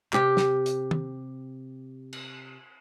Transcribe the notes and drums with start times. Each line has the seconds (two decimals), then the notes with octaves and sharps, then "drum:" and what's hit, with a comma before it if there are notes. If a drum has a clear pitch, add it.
0.13 C3 G4, drum: clap
0.37 drum: snare
0.66 drum: hi-hat
0.91 drum: tom
2.13 drum: cymbal